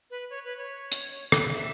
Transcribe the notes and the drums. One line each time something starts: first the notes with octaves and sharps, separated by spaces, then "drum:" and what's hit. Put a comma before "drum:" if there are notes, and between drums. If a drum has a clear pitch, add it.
B4
C#5
B4
C#5
drum: hi-hat
drum: rim click
D5
E5